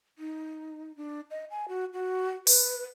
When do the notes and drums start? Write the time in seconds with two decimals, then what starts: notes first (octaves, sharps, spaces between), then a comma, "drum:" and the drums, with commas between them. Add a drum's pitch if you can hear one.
0.18 D#4
0.96 D4
1.31 D#5
1.51 G#5
1.68 F#4
1.93 F#4
2.47 B4, drum: open hi-hat